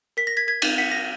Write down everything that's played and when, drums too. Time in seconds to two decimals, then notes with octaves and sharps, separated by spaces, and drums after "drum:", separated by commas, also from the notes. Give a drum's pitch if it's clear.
0.17 A#4 B6
0.27 A#6
0.37 G#6 B6
0.47 A#4 G#6 B6
0.62 drum: cymbal
0.78 F#5 B6
0.91 A#6